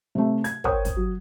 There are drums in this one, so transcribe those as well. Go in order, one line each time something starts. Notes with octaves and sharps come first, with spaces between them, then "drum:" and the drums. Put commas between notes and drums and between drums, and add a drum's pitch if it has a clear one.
C3 A3
G#6, drum: hi-hat
A#4 C5 C#5 G5 C#6 D#6, drum: kick
drum: kick, hi-hat
F#3